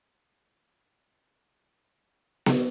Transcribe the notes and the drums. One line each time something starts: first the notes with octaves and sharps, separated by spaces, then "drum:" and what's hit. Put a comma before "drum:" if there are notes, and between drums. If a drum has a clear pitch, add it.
A#1 D3 G3 C4 C#4 C#5
drum: snare B3